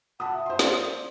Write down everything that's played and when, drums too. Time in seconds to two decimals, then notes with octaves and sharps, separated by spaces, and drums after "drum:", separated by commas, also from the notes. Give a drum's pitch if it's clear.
0.20 F#5 A5 B5 D#6
0.34 E5
0.46 C5 C6
0.59 D5, drum: snare